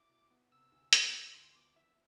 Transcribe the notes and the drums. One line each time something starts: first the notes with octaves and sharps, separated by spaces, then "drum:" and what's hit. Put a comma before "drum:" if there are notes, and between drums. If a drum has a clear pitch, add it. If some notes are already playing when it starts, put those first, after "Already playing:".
Already playing: E4 D6
B2
B3
C3 E6
D2 E6
D2 F6, drum: hi-hat
F3 E6
D2 C6
C6
B3 D6
F3 E5